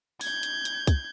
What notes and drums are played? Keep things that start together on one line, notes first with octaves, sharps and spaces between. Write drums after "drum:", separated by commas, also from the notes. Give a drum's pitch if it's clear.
G6 G#6, drum: open hi-hat
drum: hi-hat
drum: hi-hat
drum: kick, hi-hat